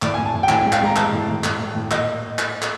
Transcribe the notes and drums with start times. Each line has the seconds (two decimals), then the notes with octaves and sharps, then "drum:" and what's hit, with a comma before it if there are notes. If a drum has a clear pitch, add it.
0.02 A2 D5, drum: clap
0.14 G#5
0.18 A2
0.26 A5
0.34 A2
0.43 G5
0.49 A2 G#5, drum: clap
0.61 G5
0.65 G#3
0.72 F5, drum: clap
0.81 G#3 A#5
0.96 E3 A5, drum: clap
1.12 A2
1.28 A2
1.44 A2, drum: clap
1.59 A2
1.75 A2
1.91 A#2 D#5, drum: clap
2.39 drum: clap
2.62 drum: clap